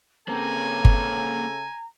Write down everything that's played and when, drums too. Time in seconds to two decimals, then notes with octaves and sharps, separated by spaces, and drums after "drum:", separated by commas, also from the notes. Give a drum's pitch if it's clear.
0.28 C#3 A#3 C4 A4 G#5 A#5
0.85 drum: kick G1